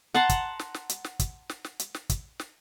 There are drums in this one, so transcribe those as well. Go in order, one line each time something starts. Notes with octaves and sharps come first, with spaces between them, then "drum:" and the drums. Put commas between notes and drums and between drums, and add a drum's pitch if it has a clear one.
F#5 A5 A#5 C6, drum: snare
drum: kick, hi-hat
drum: snare
drum: snare
drum: hi-hat
drum: snare
drum: kick, hi-hat
drum: snare
drum: snare
drum: hi-hat
drum: snare
drum: kick, hi-hat
drum: snare